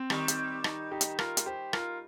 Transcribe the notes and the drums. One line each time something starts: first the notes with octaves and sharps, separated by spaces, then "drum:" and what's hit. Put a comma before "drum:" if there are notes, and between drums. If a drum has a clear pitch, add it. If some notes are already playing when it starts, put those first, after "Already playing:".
Already playing: C4
D#3 G3, drum: rim click
drum: hi-hat
D#4, drum: rim click
D#4 G4
drum: hi-hat
F4 A#4, drum: rim click
drum: hi-hat
G4 C5
F4 A#4, drum: rim click